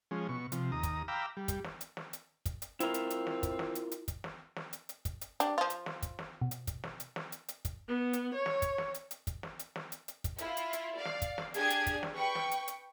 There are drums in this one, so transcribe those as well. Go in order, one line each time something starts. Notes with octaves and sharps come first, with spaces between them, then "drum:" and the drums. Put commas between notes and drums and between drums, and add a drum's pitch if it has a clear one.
F3 G#3 C#4
B2 C#6
C3 F3, drum: hi-hat
D#2 A#5 D#6
drum: kick, hi-hat
F5 G5 A#5 B5 D6 E6
G3
drum: kick, hi-hat
drum: snare
drum: hi-hat
drum: snare
drum: hi-hat
drum: kick, hi-hat
drum: hi-hat
C4 E4 F4 A#4, drum: hi-hat
drum: hi-hat
drum: hi-hat
drum: snare
drum: kick, hi-hat
drum: snare
drum: hi-hat
drum: hi-hat
drum: kick, hi-hat
drum: snare
drum: snare
drum: hi-hat
drum: hi-hat
drum: kick, hi-hat
drum: hi-hat
D4 G4, drum: hi-hat
F3 F4
drum: hi-hat
drum: snare
drum: kick, hi-hat
drum: snare
B2
drum: hi-hat
drum: kick, hi-hat
drum: snare
drum: hi-hat
drum: snare
drum: hi-hat
drum: hi-hat
drum: kick, hi-hat
B3
drum: hi-hat
C#5
drum: snare
drum: kick, hi-hat
drum: snare
drum: hi-hat
drum: hi-hat
drum: kick, hi-hat
drum: snare
drum: hi-hat
drum: snare
drum: hi-hat
drum: hi-hat
drum: kick, hi-hat
E4 F4, drum: hi-hat
drum: hi-hat
drum: hi-hat
D5 F5
drum: snare
drum: kick, hi-hat
drum: snare
D4 G4 G#4 G#5 G#6, drum: hi-hat
drum: hi-hat
drum: kick, hi-hat
drum: snare
B4 G5 C#6
drum: snare
drum: hi-hat
drum: hi-hat